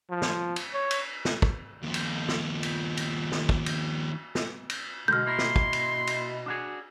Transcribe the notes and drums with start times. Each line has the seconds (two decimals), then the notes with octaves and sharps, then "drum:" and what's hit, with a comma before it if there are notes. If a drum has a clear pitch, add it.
0.10 F3
0.22 drum: snare
0.56 drum: cymbal
0.73 C#5
0.91 drum: cymbal
1.25 drum: snare
1.42 drum: kick
1.82 D#2 F3
1.94 drum: cymbal
2.28 drum: snare
2.63 drum: cymbal
2.97 drum: cymbal
3.32 drum: snare
3.49 drum: kick
3.66 drum: cymbal
4.35 drum: snare
4.70 drum: cymbal
5.08 B2 D3 G#3 F6 G6
5.27 A#3 E4 C6
5.38 drum: snare
5.56 drum: kick
5.73 drum: cymbal
6.07 drum: cymbal
6.46 D4 F#4 G#4